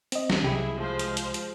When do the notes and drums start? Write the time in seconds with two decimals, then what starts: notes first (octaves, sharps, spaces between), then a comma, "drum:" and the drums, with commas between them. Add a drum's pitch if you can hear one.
0.12 C4 D#5, drum: hi-hat
0.30 drum: snare
0.42 C2 E4 G4 G#4 E5
0.76 F3 G#3 C5
0.99 drum: hi-hat
1.17 drum: hi-hat
1.34 drum: hi-hat